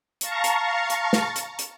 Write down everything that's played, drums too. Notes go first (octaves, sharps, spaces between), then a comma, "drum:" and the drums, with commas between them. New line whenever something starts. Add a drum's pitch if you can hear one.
F5 A5 A#5 C#6, drum: hi-hat
drum: hi-hat
drum: hi-hat
drum: snare
drum: hi-hat
drum: hi-hat